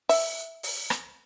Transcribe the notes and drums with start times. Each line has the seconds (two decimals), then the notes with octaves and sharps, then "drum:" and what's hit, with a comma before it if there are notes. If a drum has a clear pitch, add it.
0.09 E5, drum: open hi-hat
0.63 drum: open hi-hat
0.90 drum: rim click